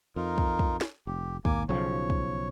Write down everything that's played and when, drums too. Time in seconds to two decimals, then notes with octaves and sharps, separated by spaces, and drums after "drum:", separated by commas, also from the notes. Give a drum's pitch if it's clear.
0.16 F2 D#4 F4 A#4
0.38 drum: kick
0.59 drum: kick
0.81 drum: snare
1.07 F1 G4
1.45 G#1 D#2 A#3 G#5 D6, drum: kick
1.69 B1 C#3 F3 C#5
2.10 drum: kick